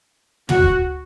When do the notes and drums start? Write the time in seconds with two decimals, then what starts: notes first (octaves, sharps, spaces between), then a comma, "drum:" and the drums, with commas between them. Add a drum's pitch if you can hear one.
0.49 F#4, drum: tom
0.62 drum: kick